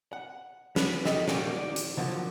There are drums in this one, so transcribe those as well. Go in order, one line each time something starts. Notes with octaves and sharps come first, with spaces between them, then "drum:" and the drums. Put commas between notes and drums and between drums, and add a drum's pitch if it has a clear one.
F#5
B3, drum: snare
D#4 G4 A4 D#5 E5, drum: snare
A#2 D#3 F#3 G3 A#3, drum: snare
D5
drum: hi-hat
D3 F3 F#3 A#3